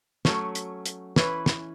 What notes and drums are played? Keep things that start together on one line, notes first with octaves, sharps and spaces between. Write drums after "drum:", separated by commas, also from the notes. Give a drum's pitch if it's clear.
F#3 A3 C#4, drum: snare
drum: hi-hat
drum: hi-hat
E3 C#4 E4 B4, drum: snare
drum: snare